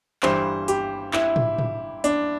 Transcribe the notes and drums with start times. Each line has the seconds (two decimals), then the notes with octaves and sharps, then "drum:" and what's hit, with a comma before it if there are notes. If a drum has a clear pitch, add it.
0.23 G1 G2 E3 G3 C5, drum: clap
0.68 G4, drum: hi-hat
1.13 E4, drum: clap
1.36 drum: tom
1.59 drum: tom
2.04 D4, drum: hi-hat